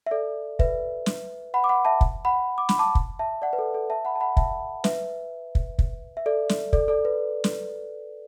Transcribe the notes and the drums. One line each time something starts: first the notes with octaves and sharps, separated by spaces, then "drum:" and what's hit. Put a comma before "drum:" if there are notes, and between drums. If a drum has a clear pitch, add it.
E5
A4 D5
B4 E5, drum: kick
drum: snare
F#5 B5
D6
F#5 B5
E5 A5
drum: kick
F#5 B5
D6
B5, drum: snare
A5 D6
drum: kick
E5 A5
D5 F#5
B4
A4
A4
E5 A5
F#5 B5
A5
F#5 B5
E5 A5, drum: kick
B4 E5, drum: snare
drum: kick
drum: kick
E5
A4 D5
drum: snare
A4 D5, drum: kick
A4 D5
B4
drum: snare